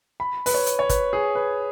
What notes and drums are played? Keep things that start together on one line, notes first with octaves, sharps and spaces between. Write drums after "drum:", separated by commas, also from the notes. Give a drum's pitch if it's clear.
B5
B4, drum: open hi-hat
C#5
drum: hi-hat
C#5
B4, drum: kick, hi-hat
G#4
B4